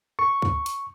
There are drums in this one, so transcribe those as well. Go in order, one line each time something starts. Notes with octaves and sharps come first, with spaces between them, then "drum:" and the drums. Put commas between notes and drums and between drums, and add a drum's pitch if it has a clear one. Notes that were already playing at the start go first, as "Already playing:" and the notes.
C#6, drum: rim click
drum: kick D2
drum: hi-hat